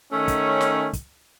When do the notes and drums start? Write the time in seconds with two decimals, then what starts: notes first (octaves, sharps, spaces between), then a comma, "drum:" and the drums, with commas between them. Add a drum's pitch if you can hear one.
0.12 D#3 A3 C#4
0.28 drum: kick, hi-hat
0.61 drum: snare
0.93 drum: kick, hi-hat